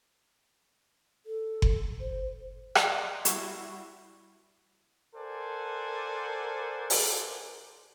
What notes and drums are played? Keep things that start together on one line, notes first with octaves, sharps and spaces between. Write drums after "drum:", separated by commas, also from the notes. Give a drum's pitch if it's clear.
A4
drum: kick F#1
C5
D5 D#5 A#5 C6 D6, drum: rim click
G3 E4 F#4 C#6 G#6 C7, drum: hi-hat
A4 A#4 C5 D5 F#5 G#5
drum: open hi-hat